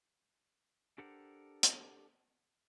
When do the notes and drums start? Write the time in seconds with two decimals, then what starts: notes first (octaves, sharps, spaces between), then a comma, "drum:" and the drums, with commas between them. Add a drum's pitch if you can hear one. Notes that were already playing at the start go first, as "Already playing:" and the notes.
0.98 D4 G4 A4 A#4 C5 F#5
1.63 drum: hi-hat